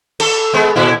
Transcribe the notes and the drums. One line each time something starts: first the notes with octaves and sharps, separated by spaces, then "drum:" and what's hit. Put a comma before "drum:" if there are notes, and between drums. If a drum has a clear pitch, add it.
A4, drum: cymbal
G#3 B3
A#2 E4